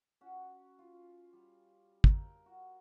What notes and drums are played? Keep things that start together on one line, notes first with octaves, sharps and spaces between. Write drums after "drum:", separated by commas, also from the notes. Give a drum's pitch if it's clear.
C#4 F#4 F#5
F4
G3
A#4, drum: kick
F#4